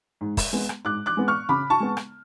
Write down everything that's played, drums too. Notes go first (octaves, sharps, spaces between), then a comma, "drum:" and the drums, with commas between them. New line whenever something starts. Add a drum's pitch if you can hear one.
G#2
drum: kick, open hi-hat
G#3 B3
drum: rim click
G#2 D6 F#6
D6 F#6
G#3 B3
C#6 F6
C#3 B5 D6
A5 C#6
G#3 B3
drum: rim click